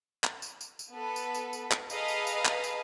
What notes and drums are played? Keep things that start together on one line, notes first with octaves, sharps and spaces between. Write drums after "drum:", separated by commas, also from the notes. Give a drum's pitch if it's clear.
drum: clap
drum: tambourine
drum: tambourine
drum: tambourine
B3 A4 B4
drum: tambourine
drum: tambourine
drum: tambourine
drum: clap
G#4 A4 B4 D#5 F5 A#5, drum: tambourine
drum: tambourine
drum: tambourine
drum: clap
drum: tambourine